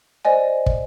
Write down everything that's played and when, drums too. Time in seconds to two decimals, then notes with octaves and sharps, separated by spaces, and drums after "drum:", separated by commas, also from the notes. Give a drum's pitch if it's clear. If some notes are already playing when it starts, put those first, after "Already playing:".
0.25 C5 D5 D#5 G#5
0.66 drum: kick